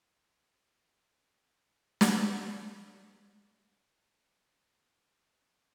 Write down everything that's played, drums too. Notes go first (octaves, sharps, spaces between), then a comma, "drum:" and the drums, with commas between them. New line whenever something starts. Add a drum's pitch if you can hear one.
D#4 F4 G4 D5
F4 D5 D6
drum: snare
B1 G4 F#5 G5
D#4 B4 D#6
A1 E2 B2 G#3 D#4 F4